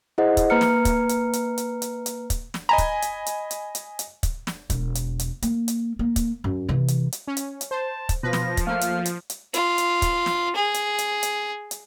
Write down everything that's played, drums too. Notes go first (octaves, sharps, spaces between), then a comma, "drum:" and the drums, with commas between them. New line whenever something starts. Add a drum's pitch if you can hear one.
E4 G#4 C5 D#5 F#5
drum: kick, hi-hat
A#3 B4 A#5 F6 C#7
drum: snare
drum: kick, hi-hat
drum: hi-hat
drum: hi-hat
drum: hi-hat
drum: hi-hat
drum: hi-hat
drum: kick, hi-hat
drum: snare
D#5 G#5 A#5 B5
drum: kick, hi-hat
drum: hi-hat
drum: hi-hat
drum: hi-hat
drum: hi-hat
drum: hi-hat
drum: kick, hi-hat
drum: snare
E1, drum: kick, hi-hat
drum: hi-hat
drum: hi-hat
A#3, drum: hi-hat
drum: hi-hat
A#3
drum: kick, hi-hat
F#2
C3 E3
drum: hi-hat
drum: hi-hat
C#4
drum: hi-hat
drum: hi-hat
C5 A5
drum: kick, hi-hat
B2 F3 B4 A#6
drum: snare
drum: kick, hi-hat
A3 A#3 F5 F6
drum: hi-hat
drum: hi-hat
drum: hi-hat
F4, drum: hi-hat
drum: hi-hat
drum: kick, hi-hat
drum: snare
G#4
drum: hi-hat
drum: hi-hat
drum: hi-hat
drum: hi-hat